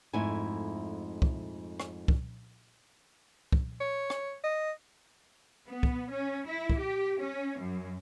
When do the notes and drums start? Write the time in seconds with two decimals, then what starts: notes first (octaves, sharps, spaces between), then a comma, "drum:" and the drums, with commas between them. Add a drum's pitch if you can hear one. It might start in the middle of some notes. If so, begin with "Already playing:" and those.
0.13 F2 G#2 A3 E4 G#5
1.22 drum: kick
1.80 drum: rim click
2.08 drum: kick
3.52 drum: kick
3.80 C#5
4.10 drum: rim click
4.44 D#5
5.69 B3
5.83 drum: kick
6.12 C#4
6.48 E4
6.70 drum: kick
6.79 G4
7.20 C#4
7.61 F#2